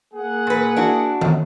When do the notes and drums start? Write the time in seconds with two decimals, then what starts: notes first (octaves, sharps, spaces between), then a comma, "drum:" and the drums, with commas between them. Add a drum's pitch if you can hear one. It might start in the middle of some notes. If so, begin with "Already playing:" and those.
0.14 A#3 G#4 F#5
0.47 A#2 B4
0.76 D4 E4 F#4
1.21 drum: tom D#3